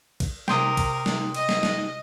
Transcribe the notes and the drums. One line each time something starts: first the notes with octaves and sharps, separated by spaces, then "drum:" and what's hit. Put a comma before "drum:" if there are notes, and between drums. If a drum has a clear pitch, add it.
drum: kick A#1, cymbal
C3 A#4 G5 C6 D#6, drum: snare
drum: kick A#1, cymbal
drum: snare
D#5, drum: cymbal
drum: snare
drum: snare